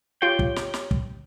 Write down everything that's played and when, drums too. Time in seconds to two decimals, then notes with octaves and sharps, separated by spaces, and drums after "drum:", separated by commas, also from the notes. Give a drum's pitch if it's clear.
0.22 F4 G4 C#5 F5 G5
0.39 drum: kick
0.56 drum: snare
0.74 drum: snare
0.91 drum: kick